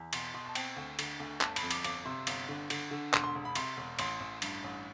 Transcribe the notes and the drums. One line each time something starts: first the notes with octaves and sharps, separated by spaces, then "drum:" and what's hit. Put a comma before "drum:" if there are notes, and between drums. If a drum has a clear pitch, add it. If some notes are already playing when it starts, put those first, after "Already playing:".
Already playing: E2
B2 C6, drum: cymbal
B2 C6
A5
C4 G5, drum: cymbal
D2
D3, drum: cymbal
D2
G1 A5, drum: clap
B5, drum: cymbal
F2
D6, drum: cymbal
G1 D6, drum: cymbal
C3 C6
G1, drum: cymbal
D3
D3, drum: cymbal
D3
E1 C6, drum: clap
C6
E1
B5
C3 C6, drum: cymbal
E1
A1 C6, drum: cymbal
A1
G2, drum: cymbal
A1